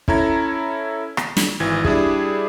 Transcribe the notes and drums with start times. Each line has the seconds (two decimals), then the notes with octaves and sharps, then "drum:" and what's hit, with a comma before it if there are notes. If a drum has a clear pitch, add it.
0.08 C#4 E4 A4 A#5 G#6, drum: kick
1.17 drum: rim click
1.37 drum: snare
1.60 G#1 E3 G#6
1.85 G3 D4 E4 G#4, drum: kick